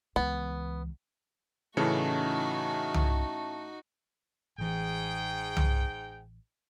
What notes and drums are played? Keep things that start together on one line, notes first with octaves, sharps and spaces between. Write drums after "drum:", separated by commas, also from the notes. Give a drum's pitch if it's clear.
C#2 E3 B3
A2 C#3 E3 A3 C#4 D#4 F#4 C#7
drum: tom C2
A1 G#2 E3 G#4 G5
drum: tom C2